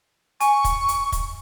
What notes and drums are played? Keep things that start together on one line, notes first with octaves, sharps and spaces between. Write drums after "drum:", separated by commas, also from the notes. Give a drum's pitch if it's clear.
G#5 C#6, drum: hi-hat
drum: kick, hi-hat
drum: hi-hat
drum: kick, hi-hat